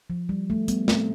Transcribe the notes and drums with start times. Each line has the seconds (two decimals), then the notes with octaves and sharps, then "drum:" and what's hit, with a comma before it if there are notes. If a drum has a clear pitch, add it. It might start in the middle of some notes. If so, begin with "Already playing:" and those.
0.10 F3
0.29 G3
0.50 A3
0.68 G3 B3, drum: hi-hat
0.88 A3 C4, drum: snare